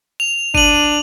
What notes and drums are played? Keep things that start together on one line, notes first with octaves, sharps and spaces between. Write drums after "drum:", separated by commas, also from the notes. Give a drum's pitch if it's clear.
F7
D4 D#7 F#7, drum: kick G1